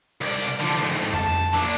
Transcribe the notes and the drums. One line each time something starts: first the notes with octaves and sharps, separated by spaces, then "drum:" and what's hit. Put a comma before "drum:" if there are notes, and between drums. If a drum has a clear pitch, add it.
C2 D5, drum: cymbal
D3 F3
F2 G#2
A5, drum: tom F2
A#2 D4, drum: open hi-hat